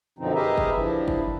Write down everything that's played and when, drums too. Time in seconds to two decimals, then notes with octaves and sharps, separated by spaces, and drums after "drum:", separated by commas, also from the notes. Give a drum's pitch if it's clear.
0.19 F#2 B2 D3 F3 C4 D#4
0.35 G4 G#4 A#4 B4 D#5 E5
0.58 drum: kick
0.77 F3 D4 E4
1.08 drum: kick